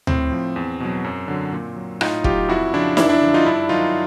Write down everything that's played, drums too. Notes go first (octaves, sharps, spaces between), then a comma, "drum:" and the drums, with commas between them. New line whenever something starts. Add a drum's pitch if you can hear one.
A2 C4, drum: tom D2
F3
E2
B2 F#3
F#2
D3 F#3
A#2
F#3
A2 D#4 F4, drum: rim click
F#3 F4 G4, drum: kick
F2 E4 F#4
C#3 F3 D4 E4
F#2 D4 E4, drum: snare
D4 E4
D3 F3
D#4 F4
G2 D4 E4
D#3 F#3 D#4 F4